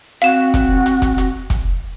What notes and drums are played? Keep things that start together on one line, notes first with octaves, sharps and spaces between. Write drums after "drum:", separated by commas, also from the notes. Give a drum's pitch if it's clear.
C4 F#4 F5 E7, drum: hi-hat
drum: kick, hi-hat
drum: hi-hat
drum: kick, hi-hat
drum: hi-hat
drum: kick, hi-hat